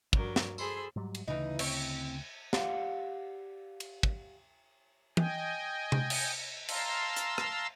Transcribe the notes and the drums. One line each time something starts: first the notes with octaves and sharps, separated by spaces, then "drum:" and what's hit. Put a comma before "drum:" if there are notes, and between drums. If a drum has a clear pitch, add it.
G2 F3 F#3 A#4 D5, drum: kick
drum: snare
G#4 A4 C5 B5 C6 E6, drum: tambourine
G#2 F#3 G3
drum: cymbal
D2 C#3 E3 D#4
C4 C#5, drum: cymbal
G4 C5 D5 F5 F#5, drum: snare
drum: cymbal
drum: kick
D#5 G5 G#5, drum: tom
drum: tom C3
drum: cymbal
F5 A5 A#5 C6 E6, drum: cymbal
drum: hi-hat
drum: rim click